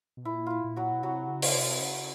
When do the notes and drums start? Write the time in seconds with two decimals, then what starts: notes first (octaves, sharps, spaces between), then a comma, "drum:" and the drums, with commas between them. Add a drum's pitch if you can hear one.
0.17 B2
0.25 A#2 E4
0.46 E4 F4
0.64 A#2
0.76 F#3 F#4
0.93 B2
1.03 C3 F#3 F#4
1.28 C#3
1.42 drum: open hi-hat
1.55 C3
1.80 C#3